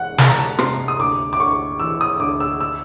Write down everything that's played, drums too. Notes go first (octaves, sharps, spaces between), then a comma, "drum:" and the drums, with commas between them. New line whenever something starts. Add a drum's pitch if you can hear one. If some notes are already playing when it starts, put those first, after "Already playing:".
Already playing: E1 F#5
E1 A5, drum: snare
A#5
A5
C3 C6, drum: rim click
D#6
D2 D6
D6
D2 C#6
E3 E6
D#6
D2 D6
E6
E6